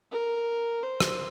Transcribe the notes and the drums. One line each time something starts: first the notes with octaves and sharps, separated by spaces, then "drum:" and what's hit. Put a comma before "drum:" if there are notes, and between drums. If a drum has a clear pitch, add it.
A#4
C5
drum: rim click